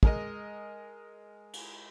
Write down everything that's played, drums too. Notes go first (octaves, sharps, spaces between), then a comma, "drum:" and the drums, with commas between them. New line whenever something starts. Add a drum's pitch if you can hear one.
G#3 A#4 D#5, drum: kick
drum: cymbal